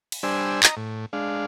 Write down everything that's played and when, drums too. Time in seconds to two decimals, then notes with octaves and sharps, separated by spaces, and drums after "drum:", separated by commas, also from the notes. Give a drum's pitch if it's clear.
0.12 drum: cymbal
0.23 G3 D4 C5 G#5 E6
0.63 D#5 A#5, drum: clap
0.77 A2
1.13 G#3 D4 F5